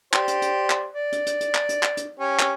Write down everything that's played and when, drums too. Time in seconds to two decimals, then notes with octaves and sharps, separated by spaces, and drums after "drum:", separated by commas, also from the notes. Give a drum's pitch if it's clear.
0.13 G4 C5 D5, drum: clap
0.28 drum: hi-hat
0.42 drum: hi-hat
0.70 drum: clap
0.93 D5
1.12 drum: hi-hat
1.26 drum: hi-hat
1.41 drum: hi-hat
1.55 drum: clap
1.69 drum: hi-hat
1.83 drum: clap
1.97 drum: hi-hat
2.19 C#4 G4
2.39 drum: clap